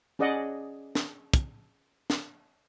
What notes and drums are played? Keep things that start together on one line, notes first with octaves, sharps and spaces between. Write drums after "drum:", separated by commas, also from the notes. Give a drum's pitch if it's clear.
C#4 G#4 D5 D#5 F#5
drum: snare
drum: kick, hi-hat
drum: snare